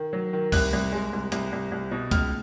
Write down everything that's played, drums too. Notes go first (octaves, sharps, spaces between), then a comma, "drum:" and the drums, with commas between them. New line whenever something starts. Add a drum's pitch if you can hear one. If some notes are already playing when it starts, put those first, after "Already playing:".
Already playing: D#3
F#3
D#3
C2 F#6, drum: kick, open hi-hat
C2
G#3
C2
C2, drum: hi-hat
C2
C2
B2
C#2 F6, drum: kick, hi-hat